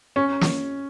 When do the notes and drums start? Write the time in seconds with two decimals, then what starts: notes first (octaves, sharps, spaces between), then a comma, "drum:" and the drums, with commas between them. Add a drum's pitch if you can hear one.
0.16 C#4
0.41 drum: snare